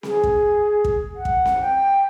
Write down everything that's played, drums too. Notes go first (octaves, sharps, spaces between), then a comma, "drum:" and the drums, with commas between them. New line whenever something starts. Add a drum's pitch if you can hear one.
G#4, drum: snare C4
drum: kick
drum: kick
F#5
drum: kick
drum: snare C4
G5